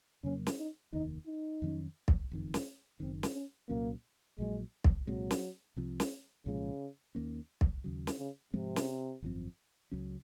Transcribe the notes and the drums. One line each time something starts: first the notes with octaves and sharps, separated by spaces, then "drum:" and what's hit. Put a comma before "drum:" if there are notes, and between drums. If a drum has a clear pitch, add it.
F2 C#3 F#3 A#3 C#4
drum: snare
D#4
F1 D#2 D#3 D#4
D#4
F2 D#3 F#3 C#4
drum: kick
F#1 F2 D#3
drum: snare
F#1 F#2 D#3 C4
drum: snare
C#4
C2 A#2 F#3 A#3 C#4
A#1 A#2 F#3 G#3
drum: kick
C2 A#2 F#3 G#3 C4
drum: snare
C2 C3 F3
drum: snare
C2 A#2 C#3 F3 G#3
D#2 D#3 A#3 C#4
drum: kick
D#2 C#3 F#3
drum: snare
C#3
G#2 C3 F3 G#3 C4
drum: snare
G#1 F#2 F3 C4
C#2 C#3 F#3 C#4